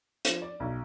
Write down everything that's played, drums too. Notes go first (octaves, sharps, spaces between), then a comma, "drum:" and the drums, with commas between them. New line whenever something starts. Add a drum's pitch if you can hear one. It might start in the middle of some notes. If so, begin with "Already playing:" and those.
F3, drum: hi-hat
D5
B1